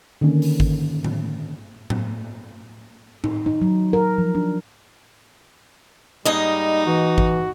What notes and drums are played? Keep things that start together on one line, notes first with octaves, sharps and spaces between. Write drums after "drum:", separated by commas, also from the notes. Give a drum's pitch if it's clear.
D3 D#3 A#3 C#4
drum: open hi-hat
drum: kick G#1
drum: tom A2
drum: tom A2
D#4, drum: tom A2
D#4
F#3
A#4
F3
D4
G#2 G3 A#3 D#4 D#5
E3 F#4
drum: kick G#1